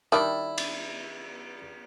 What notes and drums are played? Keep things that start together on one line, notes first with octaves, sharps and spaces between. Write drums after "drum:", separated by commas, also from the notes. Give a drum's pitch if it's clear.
D#3 G3 D4 E4
drum: cymbal